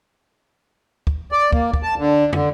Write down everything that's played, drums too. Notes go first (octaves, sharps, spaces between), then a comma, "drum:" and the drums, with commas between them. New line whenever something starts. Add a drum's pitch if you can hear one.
drum: kick
D5
A#3, drum: kick
drum: kick
A5
D3
D3, drum: tom